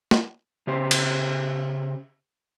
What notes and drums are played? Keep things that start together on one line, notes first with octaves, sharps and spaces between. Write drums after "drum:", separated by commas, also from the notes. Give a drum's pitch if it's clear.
drum: snare
C#3 G4 C5
drum: cymbal